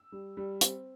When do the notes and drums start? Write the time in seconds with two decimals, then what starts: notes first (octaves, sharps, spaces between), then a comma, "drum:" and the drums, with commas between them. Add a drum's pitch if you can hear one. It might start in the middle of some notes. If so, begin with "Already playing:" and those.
Already playing: E6
0.12 G3
0.37 G3
0.61 C4, drum: hi-hat